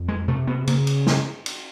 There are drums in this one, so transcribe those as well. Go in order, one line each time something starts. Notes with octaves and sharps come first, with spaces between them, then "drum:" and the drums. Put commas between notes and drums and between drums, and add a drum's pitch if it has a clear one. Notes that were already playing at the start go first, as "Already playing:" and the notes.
Already playing: F2
G#3
C3 A3
B3
C#3 A#3, drum: cymbal
drum: cymbal
drum: snare
drum: cymbal